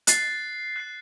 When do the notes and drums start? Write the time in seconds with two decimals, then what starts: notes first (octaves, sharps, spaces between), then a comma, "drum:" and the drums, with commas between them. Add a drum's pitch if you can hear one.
0.07 F#6 A6 C7, drum: hi-hat
0.76 F#6 A6 C7